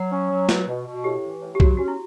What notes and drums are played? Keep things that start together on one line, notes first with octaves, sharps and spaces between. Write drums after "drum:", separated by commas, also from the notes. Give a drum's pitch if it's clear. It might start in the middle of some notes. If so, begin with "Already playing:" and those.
Already playing: F#3 F#5
C#4
F#3
B2, drum: snare
B2
B2
A2 G4
E3
A2
G4
F#3 F#4, drum: kick
C#4 F#4
E4